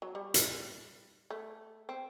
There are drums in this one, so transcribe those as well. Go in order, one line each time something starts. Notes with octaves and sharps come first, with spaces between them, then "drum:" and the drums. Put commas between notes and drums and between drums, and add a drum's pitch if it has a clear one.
F#3
G3
drum: hi-hat
A3
C4